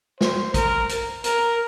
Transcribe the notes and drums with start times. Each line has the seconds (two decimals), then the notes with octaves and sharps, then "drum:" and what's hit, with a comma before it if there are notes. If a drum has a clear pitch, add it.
0.21 C5, drum: snare
0.54 A#4, drum: kick, hi-hat
0.89 drum: hi-hat
1.24 A#4, drum: hi-hat